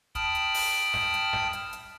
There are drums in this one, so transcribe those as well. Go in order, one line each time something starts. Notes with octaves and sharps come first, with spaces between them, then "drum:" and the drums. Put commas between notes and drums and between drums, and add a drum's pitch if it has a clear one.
G5 A5 B5 D#6 F6, drum: kick, hi-hat
drum: hi-hat
drum: open hi-hat
drum: snare
drum: hi-hat
drum: snare
drum: hi-hat
drum: hi-hat